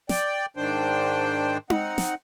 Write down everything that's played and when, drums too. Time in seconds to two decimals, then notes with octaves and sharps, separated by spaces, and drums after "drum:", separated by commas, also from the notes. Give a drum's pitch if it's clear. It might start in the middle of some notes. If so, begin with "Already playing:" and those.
0.09 D5 G5, drum: snare
0.57 G#2 D#3 D4 C5 G5
1.70 C4 D#4 F#5, drum: tom D#4
1.98 drum: snare